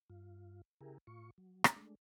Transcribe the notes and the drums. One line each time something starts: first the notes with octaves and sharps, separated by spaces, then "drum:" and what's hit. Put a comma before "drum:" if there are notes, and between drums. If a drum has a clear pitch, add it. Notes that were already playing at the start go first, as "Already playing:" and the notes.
G2 F4
C#3 E4 G4 G#4 A#4
A2 F4 C#6
F#3
drum: rim click
G#3 A3 D4